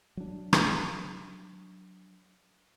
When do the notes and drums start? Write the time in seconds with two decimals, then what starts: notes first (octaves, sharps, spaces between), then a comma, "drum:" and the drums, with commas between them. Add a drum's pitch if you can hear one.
0.17 F#3 D4
0.53 drum: rim click